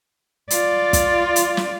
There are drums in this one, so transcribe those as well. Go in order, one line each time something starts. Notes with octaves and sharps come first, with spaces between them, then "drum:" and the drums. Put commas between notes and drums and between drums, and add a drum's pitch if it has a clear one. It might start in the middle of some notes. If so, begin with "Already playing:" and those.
F4 D5, drum: hi-hat
drum: kick, hi-hat
drum: hi-hat
drum: snare